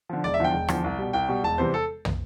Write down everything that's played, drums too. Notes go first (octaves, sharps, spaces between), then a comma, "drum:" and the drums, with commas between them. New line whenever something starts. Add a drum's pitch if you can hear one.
D3 F3
E1 D5
E5
E2 D3 F3 G5
E1
E2 D3 F3, drum: rim click
C2
B2 G3
C2 G5
B2 G3
E1 A5
E2 C3 E3 G3 C5
A4
drum: tom